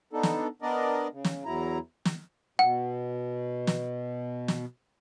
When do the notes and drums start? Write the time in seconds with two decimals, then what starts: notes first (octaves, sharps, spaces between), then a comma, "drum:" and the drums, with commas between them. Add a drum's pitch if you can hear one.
0.13 B3 D4 D#4 A4
0.23 drum: snare
0.62 B3 D4 A#4 D5 D#5
1.13 C#3
1.25 drum: snare
1.45 E2 F#3 E4 A#5
2.05 drum: snare
2.59 B2 F#5
3.67 drum: snare
4.48 drum: snare